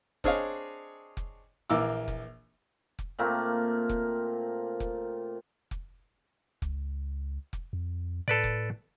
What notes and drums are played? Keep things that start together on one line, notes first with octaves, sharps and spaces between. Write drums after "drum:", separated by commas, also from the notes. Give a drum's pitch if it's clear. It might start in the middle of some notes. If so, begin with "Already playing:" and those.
C4 D4 G#4 C#5 D#5 F5, drum: kick F1
drum: kick F1
A#1 E3 A#3 D6 E6
drum: kick F1
drum: kick F1
A#2 A3 A#3 C4
drum: kick F1
drum: kick F1
drum: kick F1
C#2, drum: kick F1
drum: kick F1
F2
A2 A4 B4 D5
drum: kick F1